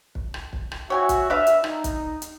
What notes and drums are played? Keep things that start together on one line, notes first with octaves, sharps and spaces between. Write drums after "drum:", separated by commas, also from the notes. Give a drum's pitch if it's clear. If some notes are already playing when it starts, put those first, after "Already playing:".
drum: kick
drum: rim click
drum: kick
drum: rim click
F#4 C#5 E5 G5 G#5
drum: kick, hi-hat
D4 B4 E5 F5
drum: hi-hat
D#4, drum: rim click
drum: kick, hi-hat
drum: hi-hat